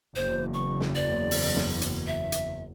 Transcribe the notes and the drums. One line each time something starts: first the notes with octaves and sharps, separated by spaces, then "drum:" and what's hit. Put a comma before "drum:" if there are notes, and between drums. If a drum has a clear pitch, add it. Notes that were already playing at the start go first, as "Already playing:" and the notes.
F#1 E2 C5
C#6
drum: snare
D5
drum: open hi-hat
drum: snare
drum: hi-hat
E5
drum: hi-hat